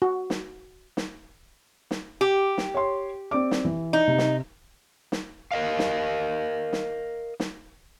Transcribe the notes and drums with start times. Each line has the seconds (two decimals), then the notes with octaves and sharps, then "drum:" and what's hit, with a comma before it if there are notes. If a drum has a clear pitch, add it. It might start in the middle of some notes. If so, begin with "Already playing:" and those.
0.02 F#4
0.30 drum: snare
0.97 drum: snare
1.91 drum: snare
2.21 G4
2.58 drum: snare
2.75 C#5 C6
3.31 C4 D5 D6
3.51 drum: snare
3.65 E3
3.93 D#4
4.08 C3
4.18 drum: snare
5.12 drum: snare
5.51 A#4 D#5 F5
5.79 drum: snare
6.73 drum: snare
7.40 drum: snare